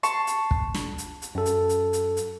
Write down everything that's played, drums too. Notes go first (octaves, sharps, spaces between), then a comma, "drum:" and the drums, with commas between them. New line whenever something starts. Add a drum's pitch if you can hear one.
A5 C6 C#6, drum: hi-hat
drum: hi-hat
drum: kick
drum: snare
drum: hi-hat
drum: hi-hat
F#2 A4
drum: hi-hat
drum: hi-hat
drum: hi-hat
drum: hi-hat